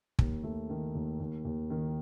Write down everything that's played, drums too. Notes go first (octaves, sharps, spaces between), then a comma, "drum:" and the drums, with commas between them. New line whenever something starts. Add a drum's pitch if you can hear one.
D#2, drum: kick
A3
D#3
D#2
D#2
D#2
D#3